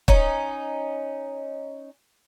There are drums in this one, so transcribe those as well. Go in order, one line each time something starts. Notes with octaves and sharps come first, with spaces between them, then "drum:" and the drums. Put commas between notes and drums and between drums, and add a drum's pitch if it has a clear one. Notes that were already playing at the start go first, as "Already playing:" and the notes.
C#4 D#4, drum: kick